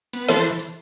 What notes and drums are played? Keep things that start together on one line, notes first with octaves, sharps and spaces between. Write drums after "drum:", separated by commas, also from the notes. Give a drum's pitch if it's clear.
B3, drum: hi-hat
E3 A4 C5, drum: snare
drum: hi-hat
drum: hi-hat